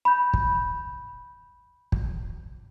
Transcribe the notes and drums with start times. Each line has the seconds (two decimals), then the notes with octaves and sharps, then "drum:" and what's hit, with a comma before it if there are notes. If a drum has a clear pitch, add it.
0.05 B5 G6
0.34 drum: kick
1.92 drum: kick